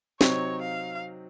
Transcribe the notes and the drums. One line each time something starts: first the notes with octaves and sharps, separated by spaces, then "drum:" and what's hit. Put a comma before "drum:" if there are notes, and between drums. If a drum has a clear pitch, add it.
C3 F#3 C4 D#4 C#5, drum: snare
F5